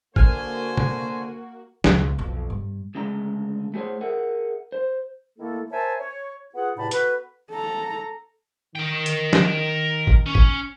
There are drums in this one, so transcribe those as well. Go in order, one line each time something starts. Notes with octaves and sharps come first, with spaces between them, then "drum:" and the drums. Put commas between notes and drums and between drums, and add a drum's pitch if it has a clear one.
D3 A#3 F#4 C5 G#5 F6, drum: kick
drum: tom C3
C#2 B2, drum: snare
B1 F2
G2
D2 C#3 G#3 A3 A#5
A3 G4 G#4 C5 C#5
G#4 A#4 E5 F#5
C5
D#3 A3 A#3 E4 A4
A#4 C5 C#5 E5 G#5 A5
C#5
B3 F4 G#4 F#5
E2 A2 C3 D#4 A5 B5
B3 F#4 A4 B4, drum: hi-hat
A4 A#5
D#3 A#4 G5
drum: hi-hat
drum: snare
drum: kick
C#4
drum: kick